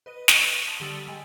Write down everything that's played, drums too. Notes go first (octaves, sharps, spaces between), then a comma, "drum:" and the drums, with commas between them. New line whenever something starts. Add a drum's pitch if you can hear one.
B4 D#5 D#7
C#6, drum: snare
A5 C6 D#6 F6 B6
D3 G3 G4 E6 A6 F#7
G#3 G5 G#5